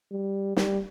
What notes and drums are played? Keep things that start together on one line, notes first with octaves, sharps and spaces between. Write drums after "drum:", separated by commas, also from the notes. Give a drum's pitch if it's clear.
G3
G3, drum: snare